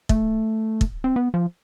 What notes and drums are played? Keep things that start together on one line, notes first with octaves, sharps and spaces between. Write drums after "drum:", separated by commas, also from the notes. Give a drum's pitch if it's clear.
A3, drum: kick
drum: kick
C4
B3
F3